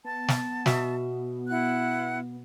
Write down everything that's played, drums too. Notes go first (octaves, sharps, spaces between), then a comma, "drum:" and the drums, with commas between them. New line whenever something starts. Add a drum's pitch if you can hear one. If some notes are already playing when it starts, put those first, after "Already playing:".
B3 A5
drum: snare
B2 E5, drum: snare
E4 F#5 F#6